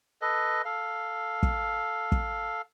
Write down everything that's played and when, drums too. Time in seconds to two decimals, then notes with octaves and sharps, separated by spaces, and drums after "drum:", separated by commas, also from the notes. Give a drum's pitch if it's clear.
0.22 A4 B4 D#5
0.65 A4 F5
1.43 drum: kick
2.12 drum: kick